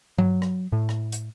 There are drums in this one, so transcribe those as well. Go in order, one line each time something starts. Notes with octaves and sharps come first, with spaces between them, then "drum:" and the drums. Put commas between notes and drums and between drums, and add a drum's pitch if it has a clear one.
F#3, drum: tom G2
drum: rim click
A2
drum: rim click
drum: hi-hat